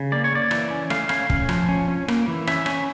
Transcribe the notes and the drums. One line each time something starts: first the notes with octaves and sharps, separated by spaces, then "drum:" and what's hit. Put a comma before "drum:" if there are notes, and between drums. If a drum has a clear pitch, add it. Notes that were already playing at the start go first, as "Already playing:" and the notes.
Already playing: C#3
A#3 D5
C#5
A#3 D5
E3, drum: rim click
C#4
A3 F5, drum: rim click
C#4 F5, drum: rim click
C#4, drum: kick
F3, drum: rim click
C#4
C#4
A#3, drum: rim click
E3
C#4 E5, drum: rim click
C#4, drum: rim click